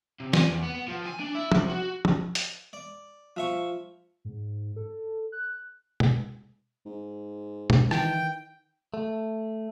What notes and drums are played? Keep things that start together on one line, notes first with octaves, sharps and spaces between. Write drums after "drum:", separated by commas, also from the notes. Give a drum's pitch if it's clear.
C3
G#5, drum: snare
E2
B3
B3
F3
G#5
D4
E4
C2, drum: tom
F#4
drum: tom
drum: hi-hat
D5
F3 E5 C#6
G#2
A4
F#6
drum: tom B2
G#2
drum: tom B2
D#3 E3 G5, drum: rim click
A3